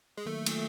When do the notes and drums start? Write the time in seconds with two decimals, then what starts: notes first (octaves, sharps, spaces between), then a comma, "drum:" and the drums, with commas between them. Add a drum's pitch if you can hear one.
0.18 G#3
0.26 D#3 F#3 A3 A#3
0.46 drum: cymbal